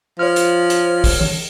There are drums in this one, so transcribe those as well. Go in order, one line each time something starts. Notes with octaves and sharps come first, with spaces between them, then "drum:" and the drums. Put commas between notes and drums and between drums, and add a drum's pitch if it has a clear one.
F3 C#5 F6
drum: hi-hat
drum: hi-hat
drum: kick, open hi-hat
drum: tom